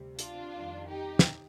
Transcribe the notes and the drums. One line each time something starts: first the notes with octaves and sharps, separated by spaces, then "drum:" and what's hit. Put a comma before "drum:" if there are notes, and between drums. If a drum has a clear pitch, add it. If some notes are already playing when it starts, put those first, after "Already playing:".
Already playing: D2 C3 G3
D4 F4, drum: hi-hat
F2 D#3 G3
D#4 G4
drum: snare